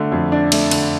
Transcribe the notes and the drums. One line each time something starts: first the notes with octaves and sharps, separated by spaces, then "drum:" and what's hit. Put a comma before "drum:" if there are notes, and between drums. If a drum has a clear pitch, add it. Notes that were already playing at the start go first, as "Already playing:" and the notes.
Already playing: D3 A3
F2
D4
A3, drum: cymbal
D3, drum: cymbal